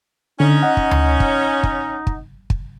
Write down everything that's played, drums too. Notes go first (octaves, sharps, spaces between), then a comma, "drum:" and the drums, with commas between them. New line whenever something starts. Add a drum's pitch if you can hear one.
D3 C#4 D#4
D#5 F#5
drum: kick
drum: tom D2
drum: kick
drum: kick
drum: kick
drum: kick